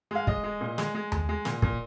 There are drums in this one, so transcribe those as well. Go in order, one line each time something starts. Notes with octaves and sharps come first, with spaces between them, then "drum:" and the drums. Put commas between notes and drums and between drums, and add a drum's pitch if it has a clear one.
G#3 F5
G#3 D#5, drum: kick
G#3
A#2
G#3, drum: snare
G#3
G#3, drum: tom D#2
G#3
A#2, drum: snare
A#2, drum: kick